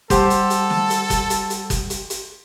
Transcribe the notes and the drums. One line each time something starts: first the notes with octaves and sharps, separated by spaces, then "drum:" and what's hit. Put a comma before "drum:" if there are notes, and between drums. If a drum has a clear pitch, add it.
G3 G4 A4 C5 F#5 A5, drum: kick F#1, hi-hat
drum: hi-hat
drum: hi-hat
drum: snare
drum: hi-hat
drum: kick F#1, hi-hat
drum: hi-hat
drum: hi-hat
drum: kick F#1, hi-hat
drum: hi-hat
drum: hi-hat